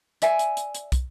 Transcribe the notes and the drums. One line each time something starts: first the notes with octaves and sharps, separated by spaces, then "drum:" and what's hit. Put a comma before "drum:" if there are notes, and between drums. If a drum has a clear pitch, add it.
D5 E5 G#5, drum: hi-hat
drum: hi-hat
drum: hi-hat
drum: hi-hat
drum: kick, hi-hat